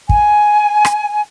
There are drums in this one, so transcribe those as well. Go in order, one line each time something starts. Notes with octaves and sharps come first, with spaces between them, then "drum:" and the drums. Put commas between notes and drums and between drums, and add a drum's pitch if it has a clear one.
G#5, drum: kick
drum: rim click